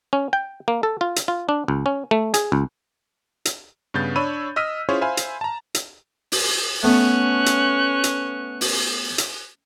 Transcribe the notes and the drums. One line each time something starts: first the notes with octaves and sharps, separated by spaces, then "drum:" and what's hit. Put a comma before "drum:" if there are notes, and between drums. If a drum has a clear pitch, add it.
C#4
G5
A#3
A4
F4
drum: hi-hat
F4
D4
C#2
C#4
A3
G#4, drum: hi-hat
C#2
drum: hi-hat
G2 C#3 B3 G6 A6
D4 C#5 B5 E6 D#7
D#5 E6 F6 B6 D#7
C#4 E4 F4 G#4 C5 C#5
C5 E5 F5 G#5 B5
drum: hi-hat
A5 A#5
drum: hi-hat
drum: open hi-hat
A3 B3 C#4 F#6
drum: hi-hat
drum: hi-hat
drum: open hi-hat
drum: hi-hat